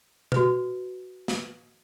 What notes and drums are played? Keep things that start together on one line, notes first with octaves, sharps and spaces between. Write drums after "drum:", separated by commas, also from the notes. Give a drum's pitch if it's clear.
F#4 B4, drum: tom B2
drum: snare